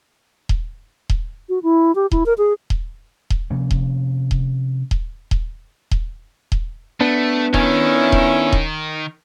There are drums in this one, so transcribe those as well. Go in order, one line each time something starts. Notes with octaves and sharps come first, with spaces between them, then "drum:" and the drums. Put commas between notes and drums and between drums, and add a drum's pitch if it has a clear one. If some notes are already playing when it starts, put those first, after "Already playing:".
drum: kick D#1
drum: kick D#1
F#4
E4
G4
E4, drum: kick D#1
A#4
G#4
drum: kick D#1
drum: kick D#1
C3 F3 A#3 C#4
drum: kick D#1
drum: kick D#1
drum: kick D#1
drum: kick D#1
drum: kick D#1
drum: kick D#1
A3 B3 D4
D#3 C#4 E4, drum: kick D#1
drum: kick D#1
drum: kick D#1